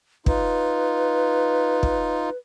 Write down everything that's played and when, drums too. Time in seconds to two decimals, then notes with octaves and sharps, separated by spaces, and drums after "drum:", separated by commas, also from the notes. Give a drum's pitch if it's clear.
0.26 D#4 F4 B4, drum: kick
1.83 drum: kick